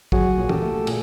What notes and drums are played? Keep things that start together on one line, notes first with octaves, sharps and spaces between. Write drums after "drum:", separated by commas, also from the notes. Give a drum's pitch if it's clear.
F#3 F#4 G#4, drum: kick
A#2
G4 A4, drum: tom
A3
A#2 G#4, drum: cymbal